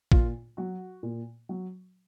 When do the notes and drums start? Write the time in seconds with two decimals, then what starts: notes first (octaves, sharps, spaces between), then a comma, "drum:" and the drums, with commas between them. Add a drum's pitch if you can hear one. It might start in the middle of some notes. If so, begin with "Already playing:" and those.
0.12 A#2 F4, drum: kick
0.57 F#3 F#4
1.03 A#2
1.49 F#3